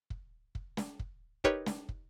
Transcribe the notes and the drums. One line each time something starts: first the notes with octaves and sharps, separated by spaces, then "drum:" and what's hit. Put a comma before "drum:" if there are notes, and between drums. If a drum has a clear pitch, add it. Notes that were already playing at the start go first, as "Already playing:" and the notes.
drum: kick
drum: kick
drum: snare
drum: kick
D#4 G4 A#4 B4 C#5, drum: kick
drum: snare
drum: kick